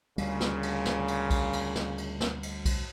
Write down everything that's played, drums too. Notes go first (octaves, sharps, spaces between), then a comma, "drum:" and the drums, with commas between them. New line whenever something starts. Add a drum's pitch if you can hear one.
D2 A#2 C#3 G3, drum: cymbal
drum: snare
drum: cymbal
drum: snare
drum: cymbal
drum: kick B1, cymbal
drum: cymbal
drum: snare
drum: cymbal
drum: snare
drum: cymbal
drum: kick B1, cymbal